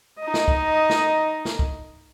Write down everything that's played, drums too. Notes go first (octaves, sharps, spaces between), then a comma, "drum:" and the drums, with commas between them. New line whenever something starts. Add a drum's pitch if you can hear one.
D#4 D#5
drum: snare
drum: kick
drum: snare
drum: snare
drum: kick